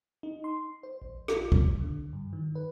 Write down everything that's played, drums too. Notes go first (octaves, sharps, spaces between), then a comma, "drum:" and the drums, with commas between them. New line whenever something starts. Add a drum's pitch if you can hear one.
D#4
C6
C5
A#1
F4, drum: rim click
drum: kick
D3
G2
D#3
B4